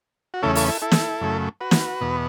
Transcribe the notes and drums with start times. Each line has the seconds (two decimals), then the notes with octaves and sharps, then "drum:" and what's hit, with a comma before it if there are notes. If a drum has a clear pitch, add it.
0.34 F#4
0.42 E2 C#3 A3 C#4 E4 A4
0.55 E4 A4, drum: open hi-hat
0.64 B4
0.68 E4 A4
0.82 E4 A4
0.92 drum: snare
1.21 F#2 C#3 A3
1.61 F#4 B4
1.71 drum: snare
2.01 E2 B2 B3